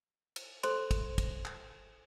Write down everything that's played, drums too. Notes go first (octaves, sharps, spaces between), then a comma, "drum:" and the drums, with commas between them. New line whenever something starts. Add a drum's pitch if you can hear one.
drum: cymbal
A4 C5 C6, drum: cymbal
drum: kick, cymbal
drum: kick, cymbal
drum: clap